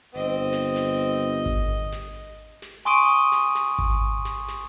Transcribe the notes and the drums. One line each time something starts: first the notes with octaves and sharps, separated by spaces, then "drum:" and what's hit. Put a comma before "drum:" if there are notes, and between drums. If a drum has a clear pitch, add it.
G1 C4 D#5
drum: snare
drum: snare
drum: hi-hat
drum: kick G#1, hi-hat
drum: snare
drum: hi-hat
drum: snare
G#5 C6 C#6 D#6 D7 D#7
drum: snare
drum: snare
drum: kick G#1, hi-hat
drum: snare
drum: snare